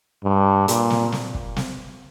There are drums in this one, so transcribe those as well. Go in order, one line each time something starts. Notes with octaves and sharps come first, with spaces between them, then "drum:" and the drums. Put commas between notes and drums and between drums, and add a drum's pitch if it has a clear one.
G2
A#2, drum: hi-hat
drum: snare
drum: snare
drum: kick
drum: snare